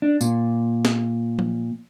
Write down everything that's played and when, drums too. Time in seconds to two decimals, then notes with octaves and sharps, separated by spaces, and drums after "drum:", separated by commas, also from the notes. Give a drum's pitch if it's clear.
0.02 D4
0.21 A#2, drum: tambourine
0.85 drum: snare
1.39 drum: tom F3